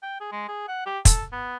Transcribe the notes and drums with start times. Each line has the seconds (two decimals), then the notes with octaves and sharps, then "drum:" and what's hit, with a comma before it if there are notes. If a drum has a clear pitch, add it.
0.02 G5
0.21 G#4
0.32 G#3
0.48 G#4
0.68 F#5
0.86 G4
1.05 A4, drum: kick, hi-hat
1.32 B3